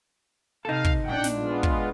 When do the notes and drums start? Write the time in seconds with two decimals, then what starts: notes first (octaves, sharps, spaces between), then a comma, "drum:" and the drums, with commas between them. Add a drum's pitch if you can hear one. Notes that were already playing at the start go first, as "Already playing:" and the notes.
0.65 C3 D#4 A4 F5
0.84 drum: kick
1.04 A#1 D4 F#5 G5
1.24 drum: snare
1.35 G#3 B3 F4
1.63 drum: kick